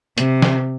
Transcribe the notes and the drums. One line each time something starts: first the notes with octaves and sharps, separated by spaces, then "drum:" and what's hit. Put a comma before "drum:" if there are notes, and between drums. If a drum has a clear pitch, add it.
C3, drum: hi-hat
drum: snare